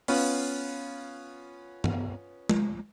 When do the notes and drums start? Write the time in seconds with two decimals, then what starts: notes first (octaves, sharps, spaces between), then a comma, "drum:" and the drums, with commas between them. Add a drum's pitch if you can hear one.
0.08 B3 C#4 F4 B4, drum: open hi-hat
1.84 drum: tom G2
2.49 drum: tom G#3